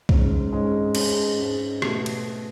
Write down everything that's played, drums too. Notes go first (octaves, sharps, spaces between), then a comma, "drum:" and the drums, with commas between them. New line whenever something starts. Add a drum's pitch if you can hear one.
G#2 G#3 C#4, drum: kick B1
G#2 G#3 C#4
G#2 G#3 C#4, drum: cymbal
G#2 G#3 C#4
B2 A3, drum: rim click
drum: cymbal